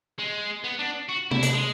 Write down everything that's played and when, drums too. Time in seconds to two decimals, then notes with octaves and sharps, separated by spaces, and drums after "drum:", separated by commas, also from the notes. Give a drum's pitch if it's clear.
0.19 G#3
0.64 B3
0.79 D4
1.09 F#4
1.31 E4, drum: tom C3
1.43 D4, drum: hi-hat
1.53 G#3